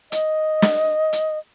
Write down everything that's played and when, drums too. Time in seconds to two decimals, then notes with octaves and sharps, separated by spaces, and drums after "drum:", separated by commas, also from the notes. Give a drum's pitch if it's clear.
0.12 D#5, drum: hi-hat
0.62 drum: snare
1.13 drum: hi-hat